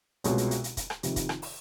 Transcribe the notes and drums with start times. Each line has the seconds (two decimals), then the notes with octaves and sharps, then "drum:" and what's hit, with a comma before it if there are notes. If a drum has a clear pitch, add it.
0.24 C2 B2 G#3 C#4 F4, drum: hi-hat
0.38 drum: hi-hat
0.51 drum: hi-hat
0.64 drum: hi-hat
0.77 drum: kick, hi-hat
0.90 drum: rim click
1.03 F2 C3 D#3, drum: hi-hat
1.16 drum: kick, hi-hat
1.29 drum: rim click
1.42 drum: open hi-hat